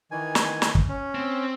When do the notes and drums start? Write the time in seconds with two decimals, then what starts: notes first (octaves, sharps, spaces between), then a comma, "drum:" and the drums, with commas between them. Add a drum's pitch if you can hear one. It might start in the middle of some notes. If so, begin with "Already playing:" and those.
0.11 D#3 E3 G#5
0.35 drum: snare
0.62 drum: snare
0.75 drum: kick
0.89 C#4
1.15 C4